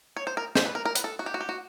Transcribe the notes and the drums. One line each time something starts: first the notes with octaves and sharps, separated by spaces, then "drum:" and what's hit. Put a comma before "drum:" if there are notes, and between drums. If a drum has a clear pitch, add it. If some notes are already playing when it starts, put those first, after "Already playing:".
C#5
C5
A#4
C5, drum: snare
B4
A#4
A#4
B4, drum: hi-hat
A4
F#4
G4
F#4
G4
F#4